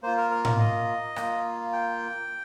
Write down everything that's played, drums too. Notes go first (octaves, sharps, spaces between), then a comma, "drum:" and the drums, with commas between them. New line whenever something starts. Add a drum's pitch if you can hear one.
A#3 F4 C5
A#4
A#4
A#4, drum: tom A2
D#5
A#3 F4, drum: rim click
G5